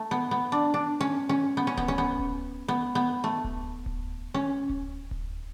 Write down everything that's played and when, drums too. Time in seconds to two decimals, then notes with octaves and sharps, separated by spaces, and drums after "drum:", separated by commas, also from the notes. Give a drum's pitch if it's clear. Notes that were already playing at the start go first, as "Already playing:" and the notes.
Already playing: A3
0.11 B3
0.31 B3
0.52 D4
0.74 D4
1.01 C#4
1.29 C#4
1.57 B3
1.67 C#4
1.77 B3, drum: kick D1
1.88 C#4
1.98 B3
2.19 drum: kick D1
2.68 B3
2.95 B3
3.24 A3
3.44 drum: kick D1
3.86 drum: kick D1
4.34 C#4
4.69 drum: kick D1
5.11 drum: kick D1